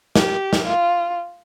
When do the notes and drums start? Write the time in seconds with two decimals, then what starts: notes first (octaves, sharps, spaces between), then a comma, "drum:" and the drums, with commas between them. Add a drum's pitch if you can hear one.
0.16 G4, drum: snare
0.53 drum: snare
0.67 F4